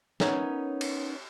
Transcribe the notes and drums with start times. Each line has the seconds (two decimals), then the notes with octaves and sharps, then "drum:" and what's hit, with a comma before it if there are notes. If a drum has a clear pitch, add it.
0.20 B3 C#4 D#4 A#4 C#5 E5, drum: snare
0.81 drum: cymbal